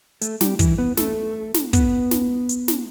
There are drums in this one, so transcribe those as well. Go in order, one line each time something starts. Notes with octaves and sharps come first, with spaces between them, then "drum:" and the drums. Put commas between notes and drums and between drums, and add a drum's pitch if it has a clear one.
A3 A4, drum: hi-hat
G3 G4, drum: snare
E3 E4, drum: kick, hi-hat
B3 B4
A3 A4, drum: snare
drum: snare
B3 B4, drum: kick, hi-hat
drum: snare
drum: hi-hat
drum: snare